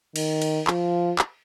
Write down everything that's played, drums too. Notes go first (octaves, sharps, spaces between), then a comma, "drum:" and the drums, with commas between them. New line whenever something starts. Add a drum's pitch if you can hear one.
D#3, drum: cymbal
drum: cymbal
F3, drum: clap
drum: clap